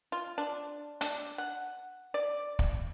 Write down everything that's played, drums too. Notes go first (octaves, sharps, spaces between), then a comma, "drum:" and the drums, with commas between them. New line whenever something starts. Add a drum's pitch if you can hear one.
F4
D4
D4, drum: hi-hat
F#5
D5
drum: kick